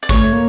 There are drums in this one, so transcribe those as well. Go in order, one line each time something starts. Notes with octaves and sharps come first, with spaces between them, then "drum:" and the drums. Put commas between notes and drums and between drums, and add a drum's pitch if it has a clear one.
D5
A3 C#5, drum: kick
A#3